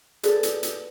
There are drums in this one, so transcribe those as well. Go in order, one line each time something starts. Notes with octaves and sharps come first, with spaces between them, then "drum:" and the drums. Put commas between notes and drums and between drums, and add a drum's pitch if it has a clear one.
G#4 A4 B4 D5, drum: hi-hat
drum: hi-hat
drum: hi-hat